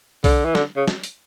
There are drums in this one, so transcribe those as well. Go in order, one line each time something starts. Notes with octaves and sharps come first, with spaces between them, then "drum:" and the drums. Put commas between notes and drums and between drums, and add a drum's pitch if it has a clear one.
D3, drum: kick B1, open hi-hat
E3
D3, drum: snare
C#3
drum: snare
drum: hi-hat